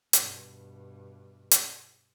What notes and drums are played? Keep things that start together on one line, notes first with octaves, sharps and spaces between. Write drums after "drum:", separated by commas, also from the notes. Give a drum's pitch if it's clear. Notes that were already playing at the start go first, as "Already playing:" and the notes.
G2 B2, drum: hi-hat
drum: hi-hat